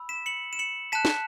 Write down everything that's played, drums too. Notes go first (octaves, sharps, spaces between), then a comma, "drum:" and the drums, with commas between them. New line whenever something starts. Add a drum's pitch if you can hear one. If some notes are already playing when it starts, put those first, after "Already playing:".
Already playing: B5 E6
B6 E7
C#7 F#7
E7
C#7 F#7
A5 F#6 B6 E7
drum: snare